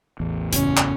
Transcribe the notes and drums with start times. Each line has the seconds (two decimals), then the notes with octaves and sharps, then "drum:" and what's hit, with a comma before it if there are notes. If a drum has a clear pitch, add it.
0.20 A1 E2
0.53 F#1 C#4, drum: hi-hat
0.77 drum: clap